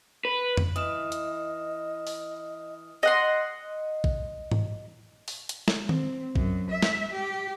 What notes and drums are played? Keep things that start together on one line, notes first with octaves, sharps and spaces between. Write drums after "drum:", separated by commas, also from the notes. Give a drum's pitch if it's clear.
B4
drum: tom F2
E3 D#5 D#6 F6 E7
drum: hi-hat
drum: open hi-hat
D#5 F#5 C6
drum: kick A#1
drum: tom G#2
drum: open hi-hat
drum: hi-hat
drum: snare
C4, drum: tom D#3
F#2, drum: kick A#1
E5
drum: snare
G4